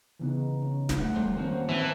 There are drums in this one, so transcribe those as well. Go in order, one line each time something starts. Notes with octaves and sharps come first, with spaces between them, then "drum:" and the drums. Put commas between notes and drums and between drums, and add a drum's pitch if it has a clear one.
C#3 E3 B3 D#4
C#4
drum: snare
A3 F#5
F2 G3 C5
D#3 A#3 C4 C#4 F#4 C5
E3 C4 D#4 A5